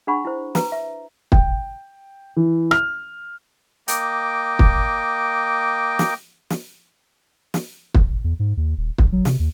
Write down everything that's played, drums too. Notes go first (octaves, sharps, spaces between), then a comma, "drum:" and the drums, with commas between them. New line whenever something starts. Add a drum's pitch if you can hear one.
D4 G#4 F#5 B5 C#6
E4 C5
B4 A#5, drum: snare
E5
G5, drum: kick
E3
F6, drum: rim click
A#3 D#5 G5 D6, drum: hi-hat
drum: kick
drum: snare
drum: snare
drum: snare
drum: kick
E2
G#2
D#2
D#1
A#1, drum: kick
F#3
C3, drum: snare
D#2